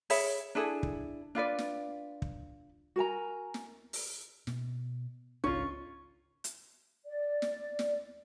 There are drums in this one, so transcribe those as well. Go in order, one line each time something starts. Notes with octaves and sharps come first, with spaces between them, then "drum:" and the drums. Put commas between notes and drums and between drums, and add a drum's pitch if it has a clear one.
G#4 C#5 E5 B5, drum: open hi-hat
D4 E4 G#4 A4
drum: kick
D4 F4 B4 D5
drum: snare
drum: kick
F#4 A#4 G#5 A#5
drum: snare
drum: open hi-hat
B2, drum: snare
G#1 C#2 C#4 F4 C#6
drum: hi-hat
D5
drum: snare
drum: snare